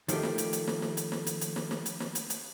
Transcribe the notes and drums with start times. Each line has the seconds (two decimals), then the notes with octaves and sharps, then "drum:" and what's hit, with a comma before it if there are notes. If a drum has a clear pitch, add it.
0.08 D#3 F3 A3 G4, drum: hi-hat
0.23 drum: snare
0.38 drum: hi-hat
0.53 drum: hi-hat
0.67 drum: snare
0.82 drum: snare
0.97 drum: hi-hat
1.12 drum: snare
1.27 drum: hi-hat
1.41 drum: hi-hat
1.56 drum: snare
1.71 drum: snare
1.86 drum: hi-hat
2.00 drum: snare
2.15 drum: hi-hat
2.30 drum: hi-hat